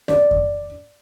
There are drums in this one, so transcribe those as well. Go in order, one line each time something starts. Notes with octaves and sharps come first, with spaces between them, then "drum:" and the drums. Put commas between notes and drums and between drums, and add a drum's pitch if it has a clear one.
D5, drum: snare
drum: kick F2